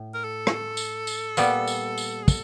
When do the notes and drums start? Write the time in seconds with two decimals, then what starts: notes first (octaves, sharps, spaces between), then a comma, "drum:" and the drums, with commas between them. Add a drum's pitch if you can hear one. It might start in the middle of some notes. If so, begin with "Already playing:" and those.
Already playing: A2
0.14 A#4
0.24 A4
0.47 drum: rim click
0.77 drum: tambourine
1.07 drum: tambourine
1.37 A#2 G3 B3, drum: tambourine
1.67 drum: tambourine
1.98 drum: tambourine
2.23 G#4
2.28 A4, drum: kick, tambourine